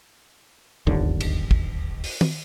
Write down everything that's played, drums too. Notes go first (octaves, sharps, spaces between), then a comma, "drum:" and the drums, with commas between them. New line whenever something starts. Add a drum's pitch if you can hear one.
D1 G1 D#2 D3
drum: cymbal
drum: kick
drum: open hi-hat
drum: tom